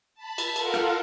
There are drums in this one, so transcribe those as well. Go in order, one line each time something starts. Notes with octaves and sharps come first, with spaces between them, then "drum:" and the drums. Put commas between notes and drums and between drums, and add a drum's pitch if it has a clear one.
A5 B5
drum: cymbal
F4 A4 A#4 F5 F#5, drum: cymbal
drum: rim click